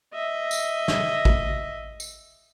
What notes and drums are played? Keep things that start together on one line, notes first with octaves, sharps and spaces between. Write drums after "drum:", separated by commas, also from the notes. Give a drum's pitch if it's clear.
D#5 E5
drum: tambourine
drum: snare
drum: kick A1
drum: tambourine